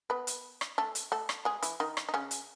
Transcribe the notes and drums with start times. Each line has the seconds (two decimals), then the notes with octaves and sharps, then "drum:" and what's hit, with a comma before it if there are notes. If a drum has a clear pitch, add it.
0.10 B3 B4
0.27 drum: hi-hat
0.61 drum: rim click
0.78 A3 A4
0.95 drum: hi-hat
1.12 A3 A4
1.29 drum: rim click
1.45 G#3 G#4
1.62 E3 E4, drum: hi-hat
1.80 D#3 D#4
1.97 drum: rim click
2.09 D#4
2.14 C#3 C#4
2.31 drum: hi-hat